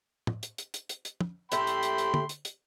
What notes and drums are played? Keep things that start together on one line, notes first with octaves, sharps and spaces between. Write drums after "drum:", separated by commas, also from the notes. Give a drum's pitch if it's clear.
drum: tom
drum: hi-hat
drum: hi-hat
drum: hi-hat
drum: hi-hat
drum: hi-hat
drum: tom
A2 G4 E5 G5 B5 C6, drum: hi-hat
drum: hi-hat
drum: hi-hat
drum: hi-hat
drum: tom
drum: hi-hat
drum: hi-hat